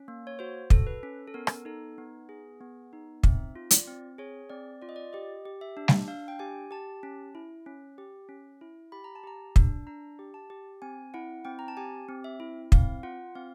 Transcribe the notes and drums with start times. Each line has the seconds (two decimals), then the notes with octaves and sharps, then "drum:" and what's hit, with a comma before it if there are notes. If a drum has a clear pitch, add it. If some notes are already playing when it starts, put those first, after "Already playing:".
Already playing: C#4
0.08 A#3
0.27 C#5
0.39 F#4 C5
0.70 A4, drum: kick
0.87 B4
1.03 C#4
1.27 A4
1.34 B3 A#4
1.47 drum: rim click
1.65 D#4 A4
1.98 B3
2.29 G#4
2.61 B3
2.93 D#4
3.24 C4 E5, drum: kick
3.56 F4
3.71 D5, drum: hi-hat
3.88 C4
4.18 G#4 C#5
4.50 C4 D5
4.82 F4 D5
4.89 D#5
4.96 D5
5.13 G4 D#5
5.45 G4
5.61 E5
5.77 D4
5.88 drum: snare G3
6.08 D4 F5
6.28 G5
6.39 G4 G#5
6.71 G4 A5
7.03 C#4
7.35 E4
7.66 C#4
7.98 G4
8.29 C#4
8.61 E4
8.92 G4 B5
9.04 A#5
9.15 A5
9.23 G4 A#5
9.56 D4, drum: kick
9.87 D4 A#5
10.19 G4
10.34 A5
10.50 G4
10.82 C4 G#5
11.14 E4 F#5
11.45 C4 G5
11.59 A#5
11.68 A5
11.77 G4 G#5
12.09 C4
12.24 E5
12.40 E4
12.72 C4 F5, drum: kick
13.03 F4 F#5
13.35 C4 F5